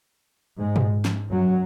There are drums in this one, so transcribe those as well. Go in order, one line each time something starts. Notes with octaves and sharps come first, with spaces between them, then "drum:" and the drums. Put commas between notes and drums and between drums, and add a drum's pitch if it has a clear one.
G#2 G#3
drum: tom A#2
drum: snare
F#2 F#3